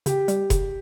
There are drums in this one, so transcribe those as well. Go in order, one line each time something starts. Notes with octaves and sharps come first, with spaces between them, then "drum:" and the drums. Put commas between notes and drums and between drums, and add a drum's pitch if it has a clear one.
C#3 G4, drum: hi-hat
G3, drum: hi-hat
C#3, drum: kick F1, hi-hat